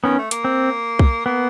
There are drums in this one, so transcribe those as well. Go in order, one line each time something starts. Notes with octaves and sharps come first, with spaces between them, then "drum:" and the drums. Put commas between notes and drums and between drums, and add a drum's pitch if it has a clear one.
D#3 B3 C#4
A3
A#3, drum: hi-hat
C4
drum: kick B1
A#3 B3